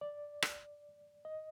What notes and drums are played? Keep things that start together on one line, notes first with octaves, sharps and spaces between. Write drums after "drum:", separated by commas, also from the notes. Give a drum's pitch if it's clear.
D5
drum: rim click
D#5